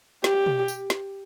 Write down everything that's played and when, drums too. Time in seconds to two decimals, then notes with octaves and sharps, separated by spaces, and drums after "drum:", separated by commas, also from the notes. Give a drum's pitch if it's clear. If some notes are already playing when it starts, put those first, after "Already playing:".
0.24 G4, drum: snare
0.46 drum: tom B2
0.68 drum: tambourine
0.90 drum: snare